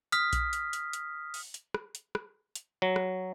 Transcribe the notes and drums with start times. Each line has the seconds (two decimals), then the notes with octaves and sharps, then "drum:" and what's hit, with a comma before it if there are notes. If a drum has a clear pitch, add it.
0.12 D#6 F6 B6, drum: hi-hat
0.33 drum: kick A#1, hi-hat
0.53 drum: hi-hat
0.73 drum: hi-hat
0.93 drum: hi-hat
1.34 drum: open hi-hat
1.54 drum: hi-hat
1.74 drum: rim click
1.95 drum: hi-hat
2.15 drum: rim click
2.55 drum: hi-hat
2.82 F#3
2.96 drum: rim click